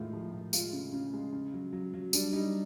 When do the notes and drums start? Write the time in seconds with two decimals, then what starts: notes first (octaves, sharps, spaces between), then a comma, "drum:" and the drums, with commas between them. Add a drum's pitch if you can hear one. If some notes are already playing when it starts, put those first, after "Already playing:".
Already playing: A2 D#3 G#3 F4
0.13 F3
0.33 A2
0.53 G#3 F4, drum: tambourine
0.73 C#3
0.93 C#3
1.14 G#3
1.33 C#3
1.54 F#3
1.73 F#3
1.94 F#3
2.13 G3 D4, drum: tambourine
2.33 G3 D#4